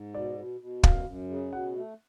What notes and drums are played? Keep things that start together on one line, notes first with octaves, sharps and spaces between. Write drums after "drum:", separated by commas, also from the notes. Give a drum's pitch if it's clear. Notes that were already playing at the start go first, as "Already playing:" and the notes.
Already playing: G#2
B2 D5
B2
B2
F#2 F5, drum: kick
F#2
C#3
B2 F#5
A3